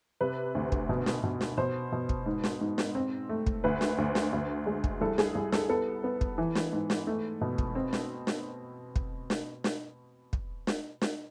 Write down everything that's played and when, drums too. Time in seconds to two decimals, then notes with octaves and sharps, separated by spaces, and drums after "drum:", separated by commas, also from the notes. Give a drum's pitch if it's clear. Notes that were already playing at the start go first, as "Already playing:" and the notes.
0.21 C3 B4
0.55 D2
0.72 drum: kick
0.89 B2
1.06 drum: snare
1.23 B2
1.41 drum: snare
1.57 B2 C5
1.92 B2
2.09 drum: kick
2.26 G#2
2.44 drum: snare
2.61 G#2
2.78 drum: snare
2.95 C4
3.29 A3
3.47 drum: kick
3.64 D2 B4
3.81 drum: snare
3.98 D2
4.15 drum: snare
4.33 D2
4.66 G#3
4.84 drum: kick
5.01 C2 A4
5.18 G#4, drum: snare
5.35 C2
5.52 A4, drum: snare
5.69 B3 A4
6.04 B3
6.21 drum: kick
6.38 E3
6.55 drum: snare
6.73 G#2
6.90 drum: snare
7.07 A3
7.41 B2
7.58 drum: kick
7.75 C4
7.93 drum: snare
8.27 drum: snare
8.96 drum: kick
9.30 drum: snare
9.64 drum: snare
10.33 drum: kick
10.67 drum: snare
11.02 drum: snare